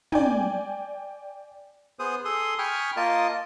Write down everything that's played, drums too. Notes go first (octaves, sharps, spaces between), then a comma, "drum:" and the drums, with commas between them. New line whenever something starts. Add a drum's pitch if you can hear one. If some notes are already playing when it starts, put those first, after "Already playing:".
D5 G5 G#5, drum: tom
B3 G#4 C5 D#6
G#4 A4 C6 D#6
G5 G#5 B5 C#6 D#6 F6
A#3 F4 A#4 D#5 A5 D#6